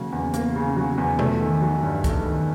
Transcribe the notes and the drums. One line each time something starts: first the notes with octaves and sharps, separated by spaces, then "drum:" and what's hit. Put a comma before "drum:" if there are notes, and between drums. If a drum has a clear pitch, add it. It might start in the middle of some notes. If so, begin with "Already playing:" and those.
Already playing: C#3 F#3 A#3
E2
A#3, drum: hi-hat
C#3
F#3
E2
A3, drum: tom B2
D#3
F#3
G2
A3, drum: kick, hi-hat
D#3